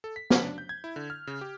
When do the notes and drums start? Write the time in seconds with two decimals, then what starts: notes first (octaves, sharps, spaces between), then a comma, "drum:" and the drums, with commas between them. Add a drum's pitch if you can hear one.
0.04 A4
0.16 B6
0.30 C#4, drum: snare
0.45 D4
0.58 G6
0.69 G#6
0.84 E4
0.96 D3
1.10 F6
1.27 C#3
1.41 G4